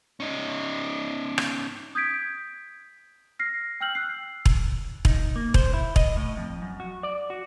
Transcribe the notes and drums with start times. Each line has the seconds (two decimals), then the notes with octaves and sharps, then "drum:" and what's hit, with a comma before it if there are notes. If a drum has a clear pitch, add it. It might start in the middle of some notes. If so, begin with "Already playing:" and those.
0.20 C#4 D#4
1.38 drum: rim click
1.95 D#6 G6 G#6 B6 D7
3.39 F6 A#6 C7
3.81 G5 E6 F6 G6 F#7
3.95 E6 F#6 C7
4.45 drum: kick E1
5.05 D#4, drum: kick E1
5.36 A#3
5.54 C5, drum: kick E1
5.74 E4
5.96 D#5, drum: kick E1
6.17 A2
6.37 F2
6.62 F#2
6.80 F#4
7.03 D5
7.30 F#4